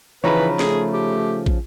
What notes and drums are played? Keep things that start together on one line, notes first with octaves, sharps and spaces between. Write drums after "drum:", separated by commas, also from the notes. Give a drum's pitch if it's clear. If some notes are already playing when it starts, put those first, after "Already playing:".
C#3 E3 F3 D#4 B4 C#5 A#5 B5
A3 G#4, drum: snare
G4
drum: kick